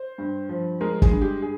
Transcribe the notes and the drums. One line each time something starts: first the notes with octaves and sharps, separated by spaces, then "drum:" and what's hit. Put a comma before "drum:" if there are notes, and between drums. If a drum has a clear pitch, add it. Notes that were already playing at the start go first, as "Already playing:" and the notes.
Already playing: C5
G2
F3
G#3 A#4
G#4, drum: kick
G2
G4
G#4